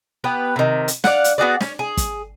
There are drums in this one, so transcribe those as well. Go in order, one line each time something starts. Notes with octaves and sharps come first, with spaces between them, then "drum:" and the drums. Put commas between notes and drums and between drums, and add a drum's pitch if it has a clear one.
B3 G4 B4
C3 D#3
drum: hi-hat
D5 F5 F#5, drum: snare
drum: hi-hat
B3 F#4 G#4 D5
C#4, drum: snare
G#4
drum: kick, hi-hat